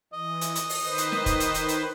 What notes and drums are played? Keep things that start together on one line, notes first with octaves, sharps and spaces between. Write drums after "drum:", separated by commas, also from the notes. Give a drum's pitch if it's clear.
E3 D#5
drum: hi-hat
drum: hi-hat
drum: open hi-hat
D#3 B4 C5
drum: hi-hat
drum: snare
drum: kick, hi-hat
drum: hi-hat
drum: hi-hat
drum: hi-hat